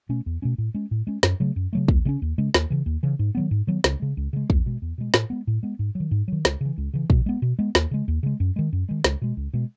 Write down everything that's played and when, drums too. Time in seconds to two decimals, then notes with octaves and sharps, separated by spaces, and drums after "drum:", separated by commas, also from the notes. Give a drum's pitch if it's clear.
0.09 B2 A3 C#4
0.26 E2
0.42 B2 A3 C#4
0.58 A2
0.74 G#3 C#4
0.91 A2
1.07 G#3 C#4
1.23 F#2, drum: snare
1.40 C#3 F#3 A3
1.56 F#2
1.73 C#3 F#3 A3
1.88 D#2, drum: kick
2.05 C#3 G#3 C#4
2.22 D#2
2.38 C#3 G#3 C#4
2.54 D#2, drum: snare
2.70 C#3 E3
2.86 D#2
3.03 C#3 E3
3.19 G#2
3.35 D#3 F#3 B3
3.51 G#2
3.67 D#3 F#3 B3
3.84 C#2, drum: snare
4.00 C#3 G#3
4.17 C#2
4.33 C#3 G#3
4.50 E2, drum: kick
4.66 B2 G#3
4.82 E2
4.98 B2 G#3
5.14 A2, drum: snare
5.30 G#3 B3
5.47 A2
5.63 G#3 B3
5.79 G#2
5.95 D#3 F#3
6.11 G#2
6.28 D#3 F#3
6.45 C#2, drum: snare
6.61 C#3 E3
6.78 C#2
6.94 C#3 E3
7.10 B2, drum: kick
7.26 G#3 B3
7.42 B2
7.59 G#3 B3
7.75 D#2, drum: snare
7.91 C#3 G#3
8.08 D#2
8.23 C#3 G#3
8.40 F#2
8.56 D#3 G#3
8.73 F#2
8.89 D#3 G#3
9.04 C#2, drum: snare
9.22 B2 G#3
9.37 C#2
9.53 B2 G#3